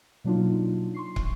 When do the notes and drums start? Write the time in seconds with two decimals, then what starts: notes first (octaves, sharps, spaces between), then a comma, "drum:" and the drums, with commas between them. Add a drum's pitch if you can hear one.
0.24 B2 F#3 A#3 D4 D#4 F4
0.94 C6 C#6 C7
1.16 drum: kick